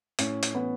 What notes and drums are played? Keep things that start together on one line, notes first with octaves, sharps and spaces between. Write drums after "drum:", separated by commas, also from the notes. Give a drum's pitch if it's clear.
A2 C#4, drum: hi-hat
drum: hi-hat
E3 B3